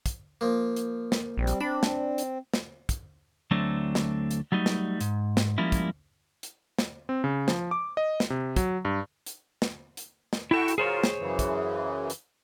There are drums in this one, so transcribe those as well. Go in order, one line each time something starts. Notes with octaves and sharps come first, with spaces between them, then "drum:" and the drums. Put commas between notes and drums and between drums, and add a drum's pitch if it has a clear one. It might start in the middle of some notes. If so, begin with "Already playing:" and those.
drum: kick, hi-hat
F3 A#3
drum: hi-hat
drum: snare
A#1 G3 C4
drum: hi-hat
C4 D4 B5
drum: snare
drum: hi-hat
drum: snare
drum: kick, hi-hat
D2 F#3 A3 C4 D4 A4
drum: snare
drum: hi-hat
F#3 G3 A3 D#4
drum: snare
G#2, drum: hi-hat
drum: snare
F3 G3 G#3 A#3 C#4 E4
drum: kick, hi-hat
drum: hi-hat
drum: snare
C4
C#3
F3, drum: snare
D6
D#5
drum: snare
C3
F#3, drum: kick, hi-hat
G2
drum: hi-hat
drum: snare
drum: hi-hat
drum: snare
E4 F#4 A4 G5 C#6
drum: hi-hat
F#3 F4 G#4 A#4 C5 C#5
drum: snare
F#2 C#3 E3
drum: kick, hi-hat
drum: hi-hat